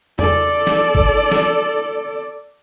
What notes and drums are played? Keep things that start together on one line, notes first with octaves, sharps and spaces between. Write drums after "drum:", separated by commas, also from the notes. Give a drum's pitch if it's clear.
A4 D5, drum: tom E2
drum: snare
drum: kick G#1
drum: snare